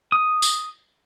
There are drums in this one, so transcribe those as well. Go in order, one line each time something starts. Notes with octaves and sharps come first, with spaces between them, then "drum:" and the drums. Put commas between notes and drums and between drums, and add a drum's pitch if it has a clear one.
D#6
drum: tambourine